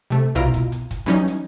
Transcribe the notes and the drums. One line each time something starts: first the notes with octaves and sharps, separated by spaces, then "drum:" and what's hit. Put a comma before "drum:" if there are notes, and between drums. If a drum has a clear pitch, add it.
C3 A3
C2 B2 E4 F4 A#5 D7, drum: hi-hat
drum: kick, hi-hat
drum: hi-hat
drum: kick, hi-hat
E3 F#3 G3 C#4 D#4, drum: hi-hat
drum: hi-hat